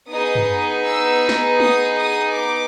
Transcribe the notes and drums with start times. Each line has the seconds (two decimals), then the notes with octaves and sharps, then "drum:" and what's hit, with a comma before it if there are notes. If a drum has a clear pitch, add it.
0.10 B3 D#4 G#4 D#6
0.35 drum: tom
0.85 E6
1.29 drum: snare
1.60 D#6, drum: tom
1.97 D#6
2.34 D6